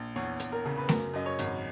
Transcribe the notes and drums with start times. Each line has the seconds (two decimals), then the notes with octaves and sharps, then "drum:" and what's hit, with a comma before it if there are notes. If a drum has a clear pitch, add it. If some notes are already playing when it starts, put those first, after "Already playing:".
Already playing: A#1
0.16 E2 C#5
0.40 E2, drum: hi-hat
0.52 A#4
0.65 C#3
0.77 B4
0.89 F#2 A#4, drum: snare A3
1.14 F#2 D#5
1.26 C#5
1.39 G#1, drum: hi-hat